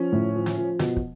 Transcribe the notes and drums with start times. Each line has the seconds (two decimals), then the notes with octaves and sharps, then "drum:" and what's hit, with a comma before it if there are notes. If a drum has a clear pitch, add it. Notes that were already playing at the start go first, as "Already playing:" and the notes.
Already playing: F3 C#4
0.12 A2
0.35 F3
0.46 drum: snare
0.58 F3
0.79 B2, drum: snare
0.97 drum: kick